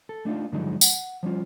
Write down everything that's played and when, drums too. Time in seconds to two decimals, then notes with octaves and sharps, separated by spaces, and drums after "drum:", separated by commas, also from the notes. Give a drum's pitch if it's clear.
0.09 A4
0.25 A3 D4 D#4 F4
0.52 G2 D3 F3 F#3 G#3 D#4
0.81 F#5, drum: tambourine
1.23 F3 G3 C#4 F4